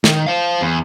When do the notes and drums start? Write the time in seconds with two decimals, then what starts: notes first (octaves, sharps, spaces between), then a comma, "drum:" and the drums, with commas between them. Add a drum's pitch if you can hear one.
0.04 D#3, drum: snare
0.26 C5 F5
0.61 E2